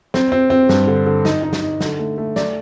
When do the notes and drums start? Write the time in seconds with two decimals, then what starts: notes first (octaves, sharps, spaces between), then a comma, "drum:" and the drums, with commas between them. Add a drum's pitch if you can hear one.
0.14 C4, drum: snare
0.32 C4
0.50 C4
0.69 G2, drum: snare
0.87 D3
1.06 D3
1.25 D#4, drum: snare
1.43 D#4
1.53 drum: snare
1.62 D#4
1.81 D3, drum: snare
1.99 A3
2.18 A3
2.36 D5, drum: snare